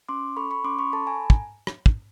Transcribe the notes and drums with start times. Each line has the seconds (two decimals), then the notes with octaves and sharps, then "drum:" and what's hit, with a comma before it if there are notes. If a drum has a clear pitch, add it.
0.09 C#4 C6 D6
0.37 A4 B5 C#6
0.51 B5 C#6
0.64 C#4 C6 D6
0.79 B5 C#6
0.92 A4 A5 B5
1.07 G#5 A#5
1.30 drum: kick
1.67 drum: rim click
1.86 drum: kick